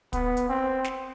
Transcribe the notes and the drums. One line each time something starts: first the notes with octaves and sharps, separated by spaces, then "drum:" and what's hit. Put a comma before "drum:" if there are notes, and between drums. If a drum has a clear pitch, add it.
B3, drum: kick, hi-hat
drum: hi-hat
C4
drum: snare